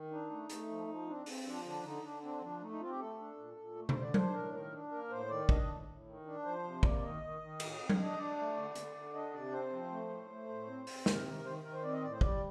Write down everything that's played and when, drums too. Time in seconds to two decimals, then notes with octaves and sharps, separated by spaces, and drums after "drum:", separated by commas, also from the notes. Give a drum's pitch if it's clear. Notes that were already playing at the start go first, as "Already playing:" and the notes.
Already playing: D#3
0.11 D4 D#4
0.31 A3
0.50 A3, drum: hi-hat
0.69 F3
0.87 F3
1.07 C4 D4
1.26 C4, drum: open hi-hat
1.45 F3 D4
1.65 D3 D4
1.84 D3 D#4
2.03 D3 D4
2.23 C4 D4
2.42 F3 D4
2.61 A3 D#4
2.71 D#4
2.80 C4 F4
2.90 G4
2.99 A3 A4
3.19 D4
3.38 A#2
3.57 A#2
3.76 A3
3.89 C5, drum: tom B2
3.95 D3
4.02 D5
4.14 D4 C5, drum: tom F#3
4.34 A2 A#4
4.53 D#3 A#4
4.72 D4
4.91 A#3 A#4
5.10 A2 C5
5.29 D#3 D5
5.49 D4 D#5, drum: kick
5.68 A2
5.88 A2
6.06 D#3
6.26 D4
6.45 F3 C5
6.64 C3
6.83 A#3 D5, drum: kick
7.02 D#3 D#5
7.22 D#3
7.41 D#3
7.60 A2, drum: cymbal
7.79 C4
7.89 drum: tom F#3
7.99 D4 D#5
8.18 D4 D5
8.37 A3 D5
8.56 D3
8.75 D3, drum: hi-hat
8.95 D3
9.14 D4 D#5
9.33 C3 D5
9.52 C4 C5
9.72 F3
9.91 A3
10.10 A2
10.30 A3
10.48 A2
10.67 C4
10.87 C4, drum: open hi-hat
11.06 C3 A#4, drum: snare
11.26 D#3 A#4
11.44 D#3 C5
11.63 D#3 A#4
11.73 C5
11.83 C4 D5
11.93 D#5
12.02 A2 D5
12.12 C5
12.21 G3 D5, drum: kick